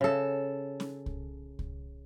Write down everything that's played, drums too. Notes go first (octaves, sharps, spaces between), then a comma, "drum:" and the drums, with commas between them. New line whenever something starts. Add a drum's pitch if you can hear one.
C#3 A4
drum: snare C#4
drum: kick C2
drum: kick C2